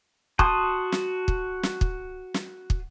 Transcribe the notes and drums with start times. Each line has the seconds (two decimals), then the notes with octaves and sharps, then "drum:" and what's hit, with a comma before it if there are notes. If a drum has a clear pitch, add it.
0.39 F#4 A5 C6 D#6, drum: kick
0.92 drum: snare
1.28 drum: kick
1.63 drum: snare
1.81 drum: kick
2.34 drum: snare
2.70 drum: kick